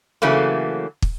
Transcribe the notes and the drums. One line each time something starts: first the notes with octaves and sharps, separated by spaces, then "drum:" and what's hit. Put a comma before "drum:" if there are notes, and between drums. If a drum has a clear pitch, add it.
C#3 E3 F#3 A3 A#3
drum: kick